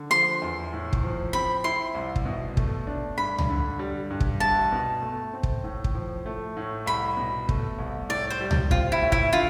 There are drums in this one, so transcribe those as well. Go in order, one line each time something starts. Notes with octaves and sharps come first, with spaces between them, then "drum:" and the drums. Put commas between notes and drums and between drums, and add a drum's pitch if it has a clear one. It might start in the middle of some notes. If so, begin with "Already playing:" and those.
Already playing: D3
F3 C6
E2
A2
drum: kick
F3
C4 B5
E4 C6
C2
drum: kick
B2
A3, drum: kick
D4
G2 B5
drum: tom C#2
D3
G3
G2
drum: kick
C2 A5
B2
A3
C4
drum: kick
A2
drum: kick
F3
A3
A2
C2 B5
B2
A3, drum: kick
C2
A2 D5
C5
G3
drum: tom C#2
C4 F4, drum: kick
E4
A2
E4, drum: kick
D3 F4